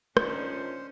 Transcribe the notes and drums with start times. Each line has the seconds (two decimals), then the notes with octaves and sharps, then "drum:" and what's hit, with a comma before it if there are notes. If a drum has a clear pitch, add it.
0.17 A#2 D#3 F3 C#4 D4 C5, drum: rim click